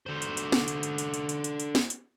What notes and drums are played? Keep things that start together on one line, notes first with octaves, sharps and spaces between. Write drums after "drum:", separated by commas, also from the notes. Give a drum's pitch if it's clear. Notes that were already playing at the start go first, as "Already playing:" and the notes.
D3 C5
drum: hi-hat
drum: hi-hat
drum: snare
drum: hi-hat
drum: hi-hat
drum: hi-hat
drum: hi-hat
drum: hi-hat
drum: hi-hat
drum: hi-hat
drum: snare
drum: hi-hat